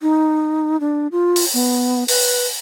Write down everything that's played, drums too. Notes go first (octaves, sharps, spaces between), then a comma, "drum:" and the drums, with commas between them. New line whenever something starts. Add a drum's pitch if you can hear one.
D#4
D4
F4
drum: open hi-hat
B3
B4, drum: open hi-hat